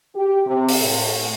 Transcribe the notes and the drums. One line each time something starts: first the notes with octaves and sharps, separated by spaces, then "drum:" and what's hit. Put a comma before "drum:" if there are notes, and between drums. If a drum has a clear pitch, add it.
G4
C3
drum: open hi-hat
A2